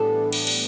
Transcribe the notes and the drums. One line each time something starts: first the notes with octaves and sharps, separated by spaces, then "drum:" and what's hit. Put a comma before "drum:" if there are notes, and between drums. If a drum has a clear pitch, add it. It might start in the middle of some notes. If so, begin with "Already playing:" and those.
Already playing: A2 E3 G3 B3 D4 A4
drum: cymbal
drum: cymbal